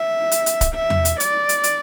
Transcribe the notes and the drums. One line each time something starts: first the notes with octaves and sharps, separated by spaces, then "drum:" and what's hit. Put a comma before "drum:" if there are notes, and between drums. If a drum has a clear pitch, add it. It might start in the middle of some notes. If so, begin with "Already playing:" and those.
Already playing: E5
drum: hi-hat
drum: hi-hat
drum: kick, hi-hat
E5
drum: tom E2
drum: hi-hat
D5, drum: hi-hat
drum: hi-hat
drum: hi-hat